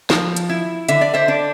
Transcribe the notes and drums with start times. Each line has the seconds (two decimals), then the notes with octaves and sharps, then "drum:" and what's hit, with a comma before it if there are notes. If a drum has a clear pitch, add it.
0.10 F3, drum: snare
0.36 drum: hi-hat
0.49 E4
0.89 D3 E5, drum: hi-hat
1.01 D5
1.14 C5 E5
1.28 D4